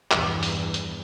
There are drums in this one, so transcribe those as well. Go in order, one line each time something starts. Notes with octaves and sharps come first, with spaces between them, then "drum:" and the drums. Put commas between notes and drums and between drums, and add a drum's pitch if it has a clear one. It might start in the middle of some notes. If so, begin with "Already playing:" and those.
E2 G2, drum: clap
drum: open hi-hat
drum: hi-hat